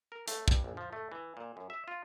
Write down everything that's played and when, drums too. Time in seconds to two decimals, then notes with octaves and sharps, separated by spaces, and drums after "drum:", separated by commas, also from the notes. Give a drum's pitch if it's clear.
0.12 A#4
0.28 A3, drum: hi-hat
0.48 G2, drum: kick
0.64 A#1
0.77 F3
0.93 A3
1.12 E3
1.37 A#2
1.57 F#2
1.70 E5
1.88 F4